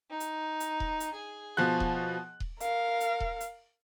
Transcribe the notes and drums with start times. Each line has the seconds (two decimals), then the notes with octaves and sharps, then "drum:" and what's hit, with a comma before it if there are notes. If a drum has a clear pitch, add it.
0.10 D#4
0.20 drum: hi-hat
0.60 drum: hi-hat
0.80 drum: kick D#1
1.00 drum: hi-hat
1.14 G#4
1.57 B2 F3 F#6
1.80 drum: kick D#1
2.40 drum: kick D#1
2.60 A#4 F5, drum: hi-hat
3.00 drum: hi-hat
3.20 drum: kick D#1
3.40 drum: hi-hat